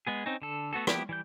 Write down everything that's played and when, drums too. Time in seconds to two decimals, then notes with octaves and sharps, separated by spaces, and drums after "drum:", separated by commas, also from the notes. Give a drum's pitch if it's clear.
0.07 G#3 B3 G#4
0.26 C4 C#4 D#4
0.42 D3 A4
0.73 A3 B3 F#4 A4
0.87 F3 A#3 B3 E4 G4, drum: rim click
1.09 E3 G3 G6